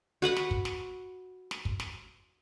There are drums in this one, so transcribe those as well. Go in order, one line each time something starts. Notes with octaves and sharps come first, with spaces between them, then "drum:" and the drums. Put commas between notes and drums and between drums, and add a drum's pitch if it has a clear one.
F#4 B4 F#5 B5
drum: snare
drum: kick
drum: snare
drum: snare
drum: kick
drum: snare